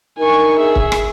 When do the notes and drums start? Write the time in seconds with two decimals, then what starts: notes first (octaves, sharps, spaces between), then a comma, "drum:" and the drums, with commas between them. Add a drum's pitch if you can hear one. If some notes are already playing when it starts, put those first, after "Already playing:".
0.19 D4 D#4 A#4 G#5 C#6
0.59 G#4 E5
0.76 drum: kick
0.92 drum: rim click